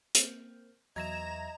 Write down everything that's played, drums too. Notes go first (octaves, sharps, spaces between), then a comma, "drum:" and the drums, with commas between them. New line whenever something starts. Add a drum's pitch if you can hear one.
A#3 C4, drum: hi-hat
E2 F#3 D#5 E5 A#5 G#6 A#6 E7